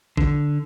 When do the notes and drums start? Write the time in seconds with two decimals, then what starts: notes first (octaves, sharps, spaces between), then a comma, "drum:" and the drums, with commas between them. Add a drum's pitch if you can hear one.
0.17 D3, drum: kick A1